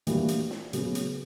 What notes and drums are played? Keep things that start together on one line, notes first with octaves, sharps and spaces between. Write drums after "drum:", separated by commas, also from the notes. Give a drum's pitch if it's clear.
E3 G3 A#3 D4 F#4, drum: hi-hat
drum: hi-hat
drum: snare
C#3 F#3 B3, drum: hi-hat
drum: hi-hat